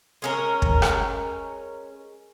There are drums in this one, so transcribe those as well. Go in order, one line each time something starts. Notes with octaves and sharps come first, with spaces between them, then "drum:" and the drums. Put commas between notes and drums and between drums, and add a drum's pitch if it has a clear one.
G#3 C#4 A#4
drum: kick
drum: rim click